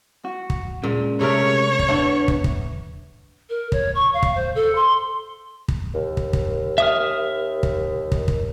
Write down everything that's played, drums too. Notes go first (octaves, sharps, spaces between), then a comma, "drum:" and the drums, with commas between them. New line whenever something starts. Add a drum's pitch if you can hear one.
F#4
drum: kick
A#2 C#3 G#3
C3 A3 A#4 C#5
drum: kick
B3 D4 E5
drum: kick
drum: kick
A#4
C#5, drum: kick
C#6
F5
drum: kick
C5
A4
C6
drum: kick
D#2
drum: kick
drum: kick
E5 D#6 F6
drum: kick
drum: kick
drum: kick